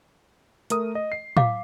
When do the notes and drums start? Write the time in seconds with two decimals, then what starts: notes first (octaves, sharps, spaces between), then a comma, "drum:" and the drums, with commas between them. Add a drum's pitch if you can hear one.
0.70 A3 A#4 D#6, drum: hi-hat
0.95 D#5
1.12 C7
1.37 F5 D6, drum: tom